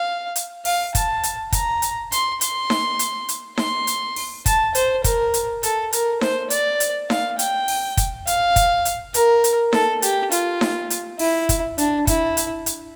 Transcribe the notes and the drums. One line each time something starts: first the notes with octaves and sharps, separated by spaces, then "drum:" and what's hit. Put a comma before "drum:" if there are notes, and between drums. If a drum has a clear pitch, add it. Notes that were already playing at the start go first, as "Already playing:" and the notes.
Already playing: F5
drum: hi-hat
F5, drum: open hi-hat
A5, drum: kick, hi-hat
drum: hi-hat
A#5, drum: kick, hi-hat
drum: hi-hat
C6, drum: hi-hat
C6, drum: hi-hat
drum: snare D#4
drum: hi-hat
drum: hi-hat
C6, drum: snare D#4
drum: hi-hat
drum: open hi-hat
A5, drum: kick, hi-hat
C5, drum: hi-hat
A#4, drum: kick, hi-hat
drum: hi-hat
A4, drum: hi-hat
A#4, drum: hi-hat
C5, drum: snare D#4
D5, drum: hi-hat
drum: hi-hat
F5, drum: snare D#4
G5, drum: hi-hat
drum: open hi-hat
drum: kick, hi-hat
F5, drum: hi-hat
drum: kick, hi-hat
drum: hi-hat
A#4, drum: hi-hat
drum: hi-hat
A4, drum: snare D#4
G4, drum: hi-hat
F4, drum: hi-hat
drum: snare D#4
drum: hi-hat
E4, drum: open hi-hat
drum: kick, hi-hat
D4, drum: hi-hat
E4, drum: kick, hi-hat
drum: hi-hat
drum: hi-hat